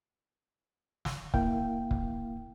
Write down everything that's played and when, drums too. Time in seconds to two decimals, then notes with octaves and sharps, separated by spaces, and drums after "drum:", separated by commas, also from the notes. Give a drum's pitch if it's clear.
1.05 drum: snare
1.34 A#3 E4 F5 G5, drum: kick
1.91 drum: kick